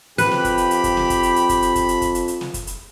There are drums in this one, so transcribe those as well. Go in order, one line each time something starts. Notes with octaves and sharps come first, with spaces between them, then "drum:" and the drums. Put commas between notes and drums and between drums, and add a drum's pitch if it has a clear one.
F2 G4 B4 B5, drum: hi-hat
drum: snare
drum: kick, hi-hat
drum: hi-hat
drum: hi-hat
drum: kick, hi-hat
drum: snare
drum: kick, hi-hat
drum: hi-hat
drum: hi-hat
drum: kick, hi-hat
drum: hi-hat
drum: kick, hi-hat
drum: hi-hat
drum: kick, hi-hat
drum: hi-hat
drum: hi-hat
drum: snare
drum: kick, hi-hat
drum: hi-hat